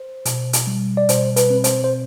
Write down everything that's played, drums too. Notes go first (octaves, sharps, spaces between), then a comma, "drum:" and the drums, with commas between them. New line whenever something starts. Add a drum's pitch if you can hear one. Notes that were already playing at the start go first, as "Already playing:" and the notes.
Already playing: C5
B2, drum: hi-hat
drum: hi-hat
G3
D5
B2 C5, drum: hi-hat
B4, drum: hi-hat
C4
C5, drum: hi-hat
C5